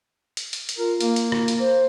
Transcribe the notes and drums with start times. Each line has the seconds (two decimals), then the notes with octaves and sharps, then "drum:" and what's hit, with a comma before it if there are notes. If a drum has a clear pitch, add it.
0.37 drum: hi-hat
0.53 drum: hi-hat
0.69 drum: hi-hat
0.78 F4 A#4
1.00 A#3, drum: hi-hat
1.16 drum: hi-hat
1.32 drum: rim click
1.48 drum: hi-hat
1.60 C5